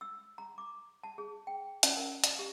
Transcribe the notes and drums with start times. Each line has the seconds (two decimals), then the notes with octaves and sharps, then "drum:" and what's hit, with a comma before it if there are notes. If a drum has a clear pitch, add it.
0.01 E6
0.38 A#5
0.58 D6
1.03 A5
1.18 G#4
1.47 G5
1.83 C#4, drum: hi-hat
1.97 A#4
2.24 drum: hi-hat
2.39 G4